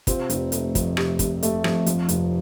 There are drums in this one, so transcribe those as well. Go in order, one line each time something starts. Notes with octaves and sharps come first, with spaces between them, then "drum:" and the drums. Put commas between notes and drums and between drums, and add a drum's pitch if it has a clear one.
C3 C4 F4, drum: kick, hi-hat
F1, drum: hi-hat
A3, drum: hi-hat
F2, drum: kick, hi-hat
C3, drum: rim click
F1, drum: kick, hi-hat
A3, drum: hi-hat
F2, drum: rim click
F3, drum: hi-hat
F1, drum: hi-hat